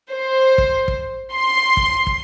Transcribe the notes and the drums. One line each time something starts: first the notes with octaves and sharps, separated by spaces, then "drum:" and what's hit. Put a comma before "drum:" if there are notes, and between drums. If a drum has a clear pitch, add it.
C5
drum: kick
drum: kick
C6
drum: kick
drum: kick